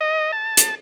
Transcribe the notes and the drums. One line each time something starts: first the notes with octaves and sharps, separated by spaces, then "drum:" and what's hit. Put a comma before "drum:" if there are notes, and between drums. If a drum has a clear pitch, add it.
D#5
A5
drum: hi-hat